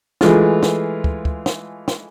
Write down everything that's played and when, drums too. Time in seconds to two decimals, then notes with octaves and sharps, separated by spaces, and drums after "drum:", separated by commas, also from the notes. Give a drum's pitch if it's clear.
0.21 E3 G#3 A3 F4, drum: snare
0.63 drum: snare
1.04 drum: kick
1.25 drum: kick
1.46 drum: snare
1.88 drum: snare